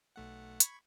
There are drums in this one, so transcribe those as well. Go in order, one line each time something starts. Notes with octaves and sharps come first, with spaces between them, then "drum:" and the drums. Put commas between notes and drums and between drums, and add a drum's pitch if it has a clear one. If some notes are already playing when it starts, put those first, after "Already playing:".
B1 A3 F#5
B5 C#6 G#6, drum: hi-hat